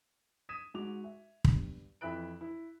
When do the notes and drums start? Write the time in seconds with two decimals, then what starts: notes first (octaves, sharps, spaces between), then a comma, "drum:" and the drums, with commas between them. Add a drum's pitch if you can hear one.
0.49 D#6 G#6 B6 D#7 E7
0.74 G#2 F#4 D6 F7
1.04 E5
1.44 G2, drum: kick
2.01 F2 E3 E5 B5 F#6 D7
2.41 E4